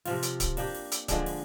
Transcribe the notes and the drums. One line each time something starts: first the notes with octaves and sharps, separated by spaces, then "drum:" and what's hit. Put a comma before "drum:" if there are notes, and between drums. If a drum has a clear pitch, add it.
C3 F3 C4 F4, drum: open hi-hat
drum: hi-hat
drum: kick D1, hi-hat
A#3 D4 G4, drum: open hi-hat
drum: open hi-hat
drum: hi-hat
D3 F3 G#3 D4, drum: kick D1, hi-hat
drum: open hi-hat